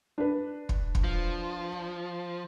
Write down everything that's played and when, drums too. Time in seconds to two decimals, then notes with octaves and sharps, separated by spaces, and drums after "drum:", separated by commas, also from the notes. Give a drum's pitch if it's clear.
0.18 D4 B4
0.69 drum: kick
0.95 drum: kick
1.04 F3